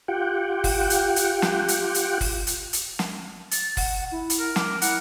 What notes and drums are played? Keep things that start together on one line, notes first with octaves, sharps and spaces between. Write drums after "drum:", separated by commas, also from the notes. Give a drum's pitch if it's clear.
F4 G4 F#5 G5
drum: kick, open hi-hat
drum: hi-hat
drum: hi-hat
drum: snare
drum: hi-hat
drum: hi-hat
drum: kick, open hi-hat
drum: hi-hat
drum: hi-hat
drum: snare
A6, drum: hi-hat
F#5, drum: kick, open hi-hat
E4
drum: hi-hat
A#4
D6, drum: snare
E4 F#5, drum: hi-hat